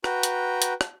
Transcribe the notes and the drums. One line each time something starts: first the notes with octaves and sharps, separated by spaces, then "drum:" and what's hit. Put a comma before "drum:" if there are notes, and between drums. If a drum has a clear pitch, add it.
F#4 B4 G5 A#5, drum: rim click
drum: hi-hat
drum: hi-hat
drum: rim click